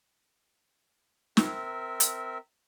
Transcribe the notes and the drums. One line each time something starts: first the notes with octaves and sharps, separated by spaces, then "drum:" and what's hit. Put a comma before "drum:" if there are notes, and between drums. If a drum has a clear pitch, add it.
C4 A#4 E5, drum: snare
drum: hi-hat